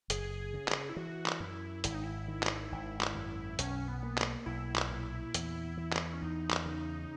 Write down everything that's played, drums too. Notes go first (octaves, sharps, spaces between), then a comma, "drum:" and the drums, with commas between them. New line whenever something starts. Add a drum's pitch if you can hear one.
F#1 G#4, drum: hi-hat
C#3
drum: clap
E4
E3 F#4
drum: clap
F#2 E4
G#1 E4, drum: hi-hat
D#4
E4
D#3
drum: clap
G#1
drum: clap
F#2
B1 C#4, drum: hi-hat
B3
A#3
drum: clap
B1 E4
drum: clap
A#2
E2, drum: hi-hat
E3
drum: clap
C#4
E2 D#4
drum: clap
C#3